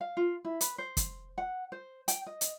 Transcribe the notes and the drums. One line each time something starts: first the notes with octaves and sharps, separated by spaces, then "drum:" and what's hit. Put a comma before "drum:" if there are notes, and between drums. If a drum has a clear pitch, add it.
F5
F4
E4
B4, drum: hi-hat
C5
drum: kick, hi-hat
F#5
C5
G5, drum: hi-hat
D#5
drum: hi-hat